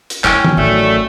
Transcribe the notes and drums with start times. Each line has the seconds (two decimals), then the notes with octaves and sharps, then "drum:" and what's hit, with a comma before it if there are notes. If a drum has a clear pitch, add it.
0.10 drum: hi-hat
0.24 C#4 E4 G5, drum: clap
0.44 drum: tom D#3
0.57 A1 D#3 F#3 A3 A4 D5